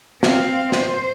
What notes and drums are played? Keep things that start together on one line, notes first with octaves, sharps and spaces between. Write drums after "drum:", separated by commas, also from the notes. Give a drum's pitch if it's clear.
C4 F5, drum: snare
C5, drum: snare